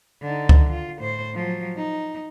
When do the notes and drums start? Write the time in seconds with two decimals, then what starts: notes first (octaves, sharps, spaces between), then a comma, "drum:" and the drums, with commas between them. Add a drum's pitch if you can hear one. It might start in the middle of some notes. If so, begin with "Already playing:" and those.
0.22 D3 D#4
0.49 drum: kick C#2
0.69 F4
1.00 A2 C5
1.35 F3 F#3
1.77 D#4